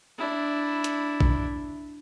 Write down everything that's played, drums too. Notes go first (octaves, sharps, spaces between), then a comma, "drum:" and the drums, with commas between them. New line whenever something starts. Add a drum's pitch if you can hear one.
D4 E4
drum: hi-hat
drum: kick A1